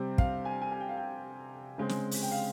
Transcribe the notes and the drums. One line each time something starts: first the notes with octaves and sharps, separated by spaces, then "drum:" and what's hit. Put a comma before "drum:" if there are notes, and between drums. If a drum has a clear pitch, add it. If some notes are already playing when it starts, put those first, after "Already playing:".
Already playing: C3 G3 C4
F5, drum: kick
G#5
G#5
G#5
G5
F5
G5
C#3 G#3 C4
drum: snare
drum: open hi-hat
G5
F5